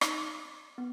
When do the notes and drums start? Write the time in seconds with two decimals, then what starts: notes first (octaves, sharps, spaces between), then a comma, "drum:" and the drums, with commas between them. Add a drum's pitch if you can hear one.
0.01 D#4, drum: rim click
0.21 D6
0.78 B3